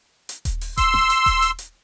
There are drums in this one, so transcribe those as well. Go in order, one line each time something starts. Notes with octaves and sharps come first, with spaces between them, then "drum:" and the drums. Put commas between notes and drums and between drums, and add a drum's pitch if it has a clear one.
drum: hi-hat
drum: kick D#1, hi-hat
drum: open hi-hat
C6 E6, drum: kick D#1, hi-hat
drum: snare F#1
drum: hi-hat
drum: kick D#1, open hi-hat
drum: hi-hat
drum: hi-hat